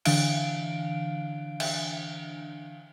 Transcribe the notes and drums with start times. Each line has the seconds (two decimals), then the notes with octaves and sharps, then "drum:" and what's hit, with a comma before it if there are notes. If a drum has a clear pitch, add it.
0.05 D3 E3 D4 F5 D7, drum: cymbal
1.60 drum: cymbal